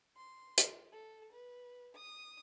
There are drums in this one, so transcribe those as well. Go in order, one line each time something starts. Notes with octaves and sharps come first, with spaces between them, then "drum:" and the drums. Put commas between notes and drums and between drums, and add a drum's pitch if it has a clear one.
C6
drum: hi-hat
A4
B4
D#6